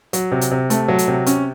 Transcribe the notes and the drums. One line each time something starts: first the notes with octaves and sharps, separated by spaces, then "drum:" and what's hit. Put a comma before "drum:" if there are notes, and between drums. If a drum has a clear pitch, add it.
F#3, drum: hi-hat
C3
drum: hi-hat
C3
A3, drum: hi-hat
F#3
drum: hi-hat
C3
C#4, drum: hi-hat